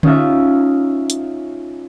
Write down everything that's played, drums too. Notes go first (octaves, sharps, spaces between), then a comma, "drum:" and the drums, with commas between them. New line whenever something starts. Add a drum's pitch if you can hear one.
C#4 D#4 F4 E5, drum: tom D3
drum: hi-hat